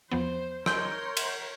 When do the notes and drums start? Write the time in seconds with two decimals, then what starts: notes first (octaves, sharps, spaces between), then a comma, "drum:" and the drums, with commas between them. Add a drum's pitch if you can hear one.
0.11 E2 F3 B3 C5
0.66 A#4 C#5 C6 G6 G7, drum: rim click
1.17 drum: cymbal